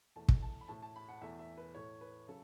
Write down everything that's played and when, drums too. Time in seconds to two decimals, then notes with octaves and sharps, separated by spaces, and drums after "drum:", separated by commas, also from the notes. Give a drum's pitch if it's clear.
0.16 E2 E3 A3 A5
0.29 drum: kick
0.42 A5
0.61 B5
0.68 A2 A3 A5
0.82 A5
0.96 B5
1.09 F#5
1.22 E2 E3 A3 E5
1.39 E5
1.57 B4
1.75 A2 A3 C#5
2.01 B4
2.28 C#3 F#3 A4